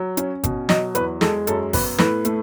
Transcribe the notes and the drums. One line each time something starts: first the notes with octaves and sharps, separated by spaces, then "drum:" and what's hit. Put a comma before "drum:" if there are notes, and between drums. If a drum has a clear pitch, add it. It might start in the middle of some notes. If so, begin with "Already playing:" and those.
Already playing: F#3
C#4, drum: hi-hat
B2, drum: kick G#1, hi-hat
F#3 D#5, drum: snare
E2 B4, drum: hi-hat
G#3 A4, drum: snare
F#2 A4, drum: hi-hat
B3 B4, drum: kick G#1, open hi-hat
A2 B4, drum: snare
A3, drum: hi-hat